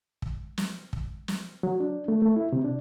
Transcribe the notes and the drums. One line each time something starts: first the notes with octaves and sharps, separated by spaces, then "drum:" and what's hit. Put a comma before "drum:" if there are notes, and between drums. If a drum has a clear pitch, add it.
drum: kick
drum: snare
drum: kick
drum: snare
F#3
D4
A3
A3
E4
C3
D4